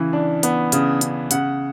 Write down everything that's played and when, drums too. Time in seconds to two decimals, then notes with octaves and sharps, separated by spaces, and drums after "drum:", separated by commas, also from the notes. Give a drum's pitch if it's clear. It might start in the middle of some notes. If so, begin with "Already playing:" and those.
Already playing: C#3 E3
0.13 D4
0.43 B3, drum: hi-hat
0.72 C#3, drum: hi-hat
1.01 C#3, drum: hi-hat
1.31 C#3 F#5, drum: hi-hat